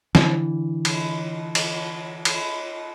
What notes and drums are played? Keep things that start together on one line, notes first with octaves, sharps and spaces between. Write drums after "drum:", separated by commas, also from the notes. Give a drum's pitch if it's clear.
D3 E3, drum: snare
drum: cymbal
drum: cymbal
drum: cymbal